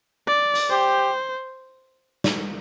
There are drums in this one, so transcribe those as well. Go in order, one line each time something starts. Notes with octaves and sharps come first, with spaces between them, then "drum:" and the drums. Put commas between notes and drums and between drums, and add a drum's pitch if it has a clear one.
D5
drum: hi-hat
G4 C5
drum: snare